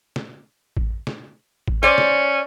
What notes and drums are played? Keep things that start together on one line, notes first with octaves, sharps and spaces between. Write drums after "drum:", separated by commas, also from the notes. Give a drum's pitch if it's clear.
drum: snare
drum: kick A1
drum: snare
drum: kick A1
C#4 C5 D5
drum: snare